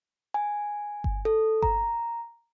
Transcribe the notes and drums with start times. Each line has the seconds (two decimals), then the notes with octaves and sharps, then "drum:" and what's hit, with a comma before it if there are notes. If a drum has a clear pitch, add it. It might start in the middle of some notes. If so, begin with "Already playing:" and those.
0.34 G#5
1.04 drum: kick G1
1.25 A4
1.63 A#5, drum: kick G1